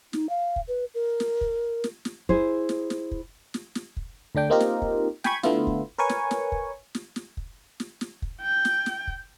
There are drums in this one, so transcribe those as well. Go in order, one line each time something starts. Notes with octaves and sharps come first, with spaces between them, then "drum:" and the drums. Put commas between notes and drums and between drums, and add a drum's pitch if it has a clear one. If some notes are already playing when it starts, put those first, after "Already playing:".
D#4, drum: snare
F5
drum: kick
B4
A#4
drum: snare
drum: kick
drum: snare
drum: snare
E4 G#4 C5, drum: kick
drum: snare
drum: snare
drum: kick
drum: snare
drum: snare
drum: kick
D2 D3 D4 G5
A#3 C4 D#4 F4 G4 A#4
drum: snare
drum: kick
G5 G#5 B5 C#6 G#6, drum: snare
D3 A3 B3 E4 F4, drum: snare
drum: kick
A#4 B4 C#5 G#5 C#6
drum: snare
drum: snare
drum: kick
drum: snare
drum: snare
drum: kick
drum: snare
drum: snare
drum: kick
G5
drum: snare
drum: snare
drum: kick